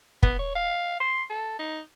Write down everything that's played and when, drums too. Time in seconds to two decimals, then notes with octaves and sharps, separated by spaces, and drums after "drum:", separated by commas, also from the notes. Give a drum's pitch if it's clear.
0.23 B3, drum: kick
0.39 C#5
0.55 F5
1.00 C6
1.30 A4
1.59 D#4